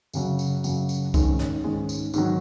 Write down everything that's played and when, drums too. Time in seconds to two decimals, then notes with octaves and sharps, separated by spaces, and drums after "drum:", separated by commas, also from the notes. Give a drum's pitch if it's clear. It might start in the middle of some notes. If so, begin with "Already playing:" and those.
0.14 F#2 C#3 F#3, drum: tambourine
0.39 drum: tambourine
0.64 F#2 C#3 F#3, drum: tambourine
0.89 drum: tambourine
1.14 G#2 D#3 G#3 C#4, drum: kick C2, tambourine
1.39 drum: snare
1.64 G#2 D#3 G#3 C#4
1.89 drum: tambourine
2.14 G#2 D#3 F#3, drum: tambourine